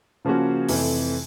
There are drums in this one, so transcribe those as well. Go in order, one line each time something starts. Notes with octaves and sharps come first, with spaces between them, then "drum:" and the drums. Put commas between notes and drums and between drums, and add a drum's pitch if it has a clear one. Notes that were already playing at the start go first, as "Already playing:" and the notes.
C#3 F3 A#3 C#4 F#4
F2 C3 E3 A3, drum: open hi-hat